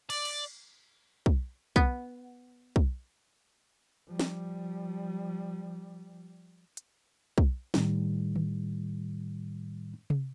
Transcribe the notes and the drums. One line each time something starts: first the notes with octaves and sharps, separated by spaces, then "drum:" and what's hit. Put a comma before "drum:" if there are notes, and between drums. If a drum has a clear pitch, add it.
D5, drum: cymbal
drum: cymbal
drum: kick
B3, drum: kick
drum: kick
F3 G3
drum: snare
drum: hi-hat
drum: kick
A2 D#3 G3, drum: snare
drum: tom D#3
drum: tom C3